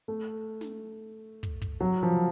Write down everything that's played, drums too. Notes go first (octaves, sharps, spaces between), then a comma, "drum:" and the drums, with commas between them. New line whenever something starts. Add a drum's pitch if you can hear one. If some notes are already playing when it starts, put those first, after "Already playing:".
A3
drum: snare
drum: kick
drum: kick
F#3
F3, drum: hi-hat